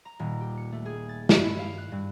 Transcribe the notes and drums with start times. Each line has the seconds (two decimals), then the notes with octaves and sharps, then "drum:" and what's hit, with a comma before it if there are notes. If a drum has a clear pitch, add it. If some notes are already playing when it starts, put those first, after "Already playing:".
0.05 A#5
0.19 D#1
0.41 G4
0.58 C#7
0.72 A3
0.85 G#4
1.09 A6
1.29 G2, drum: snare
1.43 E4
1.59 F5
1.78 F#6
1.92 G2